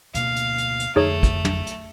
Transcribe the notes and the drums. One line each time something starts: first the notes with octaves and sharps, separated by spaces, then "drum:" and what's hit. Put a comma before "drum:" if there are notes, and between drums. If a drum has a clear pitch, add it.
D2 B2 A#3 F5, drum: hi-hat
drum: hi-hat
drum: hi-hat
drum: hi-hat
F2 D3 A3 D#4 G#4 C#5
drum: kick, hi-hat
drum: tom
drum: hi-hat